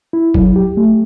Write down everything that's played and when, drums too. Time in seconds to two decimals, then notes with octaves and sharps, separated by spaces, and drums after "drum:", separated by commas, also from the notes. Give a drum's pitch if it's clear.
0.13 E4
0.34 F#3, drum: kick
0.56 G4
0.77 A3